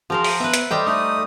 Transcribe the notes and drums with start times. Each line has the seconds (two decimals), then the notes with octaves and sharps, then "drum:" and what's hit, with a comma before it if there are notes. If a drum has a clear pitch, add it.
0.10 F3 F#4 G#4 A#4 C5
0.24 drum: open hi-hat
0.40 B3 B4 E5
0.54 drum: hi-hat
0.71 G3 A4 C5 D#5 G5
0.86 A3 D#4 D#6